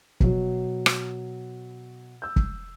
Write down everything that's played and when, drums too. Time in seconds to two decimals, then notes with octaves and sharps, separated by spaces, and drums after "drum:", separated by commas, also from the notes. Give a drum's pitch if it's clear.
0.20 B2 F#3, drum: kick
0.86 drum: rim click
2.22 E6 G6
2.36 drum: kick